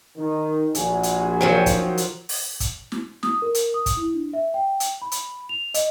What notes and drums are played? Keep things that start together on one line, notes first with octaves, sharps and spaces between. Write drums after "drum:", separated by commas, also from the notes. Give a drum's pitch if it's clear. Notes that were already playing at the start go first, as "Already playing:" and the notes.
D#3
A#1 F#4 G#5, drum: hi-hat
drum: hi-hat
D#3 F3 F#3
drum: kick, hi-hat
drum: hi-hat
drum: open hi-hat
drum: kick, hi-hat
drum: snare
D#6, drum: snare
A#4
drum: hi-hat
D#6
drum: kick, hi-hat
E4
D4
E5
G5
drum: hi-hat
B5
drum: hi-hat
F7
D#5, drum: hi-hat